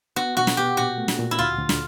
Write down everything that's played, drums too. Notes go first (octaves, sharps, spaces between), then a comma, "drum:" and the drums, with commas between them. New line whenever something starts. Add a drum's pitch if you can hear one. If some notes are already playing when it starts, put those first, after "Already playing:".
B3 F#4
B2 F#4
drum: snare
B3 G4
A#2 F#4
A3
drum: snare
A#2
E4
D2 F4
D2
drum: snare